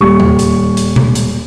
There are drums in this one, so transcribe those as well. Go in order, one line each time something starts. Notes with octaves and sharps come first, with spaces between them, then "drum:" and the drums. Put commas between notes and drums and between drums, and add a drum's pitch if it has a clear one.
D#1 G3 C#6
drum: tom
drum: hi-hat
drum: hi-hat
drum: tom B2
drum: hi-hat